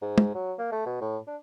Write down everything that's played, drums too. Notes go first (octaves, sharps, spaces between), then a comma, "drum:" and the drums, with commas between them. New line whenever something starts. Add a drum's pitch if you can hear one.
G#2
drum: tom
F#3
A#3
A3
B2
A2
D4